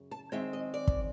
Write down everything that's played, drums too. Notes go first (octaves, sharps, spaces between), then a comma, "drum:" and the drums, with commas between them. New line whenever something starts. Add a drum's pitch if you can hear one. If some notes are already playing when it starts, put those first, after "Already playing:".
Already playing: F#2 C#3
A5
F#2 D#3 G#3 C4 E5
D#5
D5
drum: kick